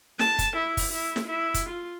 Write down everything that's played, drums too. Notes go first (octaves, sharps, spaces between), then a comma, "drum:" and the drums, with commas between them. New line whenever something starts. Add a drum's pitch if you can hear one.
A5, drum: snare
drum: kick, hi-hat
E4
drum: kick, open hi-hat
E4
drum: snare
E4
drum: kick, hi-hat
F4